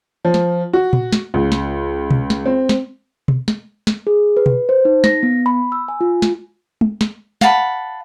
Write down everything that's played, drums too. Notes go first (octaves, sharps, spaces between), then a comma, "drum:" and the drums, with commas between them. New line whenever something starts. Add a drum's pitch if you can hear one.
F3
drum: snare
F#4
drum: tom A#2
drum: snare
C#2
drum: snare
drum: tom B2
drum: snare
C4
drum: snare
drum: tom B2
drum: snare
drum: snare
G#4
B4
drum: tom B2
C5
D#4
A#6, drum: snare
B3
B5
E6
G#5
F4
drum: snare
drum: tom
drum: snare
F5 F#5 A5 B5, drum: snare